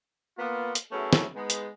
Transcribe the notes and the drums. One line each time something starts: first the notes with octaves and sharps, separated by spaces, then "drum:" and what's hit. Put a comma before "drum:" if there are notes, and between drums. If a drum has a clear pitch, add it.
A#3 B3 F4
drum: hi-hat
F#3 A3 B3 C#4 E4 G#4
drum: snare
G#3 B3 D#4
drum: hi-hat